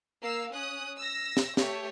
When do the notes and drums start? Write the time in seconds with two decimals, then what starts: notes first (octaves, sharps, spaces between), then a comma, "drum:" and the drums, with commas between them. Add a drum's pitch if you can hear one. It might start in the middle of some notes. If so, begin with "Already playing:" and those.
0.22 A#3 F5 E6 C7
0.52 C#4 D#6 F#6
0.98 E6 A#6
1.37 drum: snare
1.57 A3 G4 C#5, drum: snare